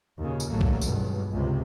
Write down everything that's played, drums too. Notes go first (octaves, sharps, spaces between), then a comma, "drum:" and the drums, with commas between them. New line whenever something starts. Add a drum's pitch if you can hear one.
D#2 A#2 C#3
drum: tambourine
A1 D#2 F#3 A3 A#3
drum: kick B1
C#2 G2 B2, drum: tambourine
C#2 C3